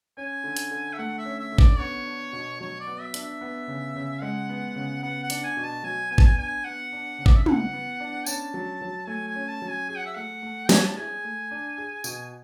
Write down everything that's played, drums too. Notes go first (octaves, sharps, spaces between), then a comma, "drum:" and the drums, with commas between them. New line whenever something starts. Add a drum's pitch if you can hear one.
C#4 G#5
D3
drum: hi-hat
D3
E5
A3 F#5
E5
C#4
E5
D3
D5, drum: kick G#1
B3 C#5
D4
B2
F#3 C#5
D5
B3
E5
D4, drum: hi-hat
E5
B3
C#3
C#3
G#3 F#5
B3
C#3
B3 F#5
F#5
D4, drum: hi-hat
G#5
B2
A5
F#3 G#5
B3 G#5
A5, drum: kick G#1
G#5
D4 G#5
B3 F#5
D4
C#3
D5, drum: kick G#1
E5
E3 F#5, drum: tom
B3
D4
C#4 A5, drum: tambourine
F#3
F#3
A3 G#5
G#5
C#4
A5
F#3
G#5
G#4 G#5
F#5
E5
A3 F#5
A3
E4 G#5, drum: snare
A5
G#4 G#5
A3
D4
G#4
B2, drum: tambourine